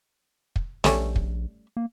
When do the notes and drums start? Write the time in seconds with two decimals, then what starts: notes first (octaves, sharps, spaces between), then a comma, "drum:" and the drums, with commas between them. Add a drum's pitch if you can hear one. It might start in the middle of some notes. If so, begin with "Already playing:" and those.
0.56 drum: kick
0.84 A#1 G3 A3 C#4, drum: snare
1.16 drum: kick
1.77 A#3